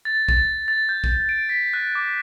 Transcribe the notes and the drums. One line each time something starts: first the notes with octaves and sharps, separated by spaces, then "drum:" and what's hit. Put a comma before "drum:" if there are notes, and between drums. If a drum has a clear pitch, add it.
A6
A6, drum: kick
A6
G6
drum: kick
D7
B6
F#6
D6